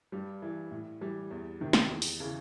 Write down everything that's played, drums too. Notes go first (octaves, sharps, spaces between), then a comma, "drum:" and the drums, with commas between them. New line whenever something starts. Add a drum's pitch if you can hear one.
G2 G3
E3
A2
E3 G3
E2
C3 D#3
drum: snare
E2
drum: open hi-hat
C#3 E3